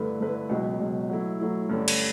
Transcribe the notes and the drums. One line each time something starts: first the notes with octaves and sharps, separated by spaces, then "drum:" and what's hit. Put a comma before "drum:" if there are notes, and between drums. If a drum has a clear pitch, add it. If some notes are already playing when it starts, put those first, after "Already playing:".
Already playing: G2 D3 A3 E4 B4
G2 D3 A3 E4 B4
C#2 B2 F#3
C#2 B2 F#3
F#3 A3 E4
F#3 A3 E4
G2 D3 A3 C#4 G4
drum: cymbal